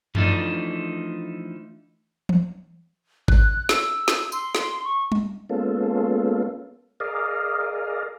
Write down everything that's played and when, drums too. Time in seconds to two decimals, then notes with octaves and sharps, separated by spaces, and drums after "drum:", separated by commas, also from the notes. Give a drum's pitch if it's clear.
0.15 E3 F3 A3 D4 D#4, drum: tom F#2
2.29 drum: tom E3
3.28 F#6, drum: kick G#1
3.69 E6, drum: snare
4.08 drum: snare
4.32 C6, drum: tambourine
4.55 drum: snare
4.85 C#6
5.12 drum: tom G3
5.49 G#3 A#3 B3 C#4 F4 A4
7.00 G#4 A#4 D5 D#5 F5